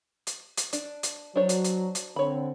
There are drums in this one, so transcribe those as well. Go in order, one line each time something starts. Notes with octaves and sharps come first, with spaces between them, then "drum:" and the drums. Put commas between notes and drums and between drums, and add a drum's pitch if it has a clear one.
drum: hi-hat
drum: hi-hat
D4, drum: hi-hat
drum: hi-hat
F#3 D4 C5 C#5
drum: hi-hat
drum: hi-hat
drum: hi-hat
D3 C4 C#5 B5